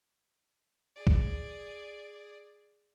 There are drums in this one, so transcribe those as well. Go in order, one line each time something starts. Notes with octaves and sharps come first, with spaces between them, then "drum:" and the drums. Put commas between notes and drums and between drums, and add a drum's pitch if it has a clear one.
G#4 D5
drum: kick